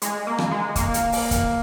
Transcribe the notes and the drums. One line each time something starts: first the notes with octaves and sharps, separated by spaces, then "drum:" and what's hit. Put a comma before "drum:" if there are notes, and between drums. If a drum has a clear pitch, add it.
G#3, drum: hi-hat
A#3
drum: rim click
G#3
A#3, drum: kick, hi-hat
drum: hi-hat
drum: open hi-hat
drum: kick, hi-hat